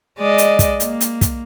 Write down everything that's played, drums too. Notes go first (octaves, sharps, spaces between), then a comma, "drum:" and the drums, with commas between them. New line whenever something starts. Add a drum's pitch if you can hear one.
G#3 D5 D#5
drum: hi-hat
drum: kick, hi-hat
A#3, drum: hi-hat
drum: hi-hat
drum: kick, hi-hat